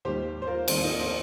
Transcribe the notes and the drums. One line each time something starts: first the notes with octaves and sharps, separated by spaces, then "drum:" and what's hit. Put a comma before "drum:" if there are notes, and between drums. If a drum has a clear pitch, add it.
D#2 D#3 G3 G4 C5
C5
F4 A#4
D#2 D#3 G3 C4 F4, drum: cymbal
A#3 D#4
C4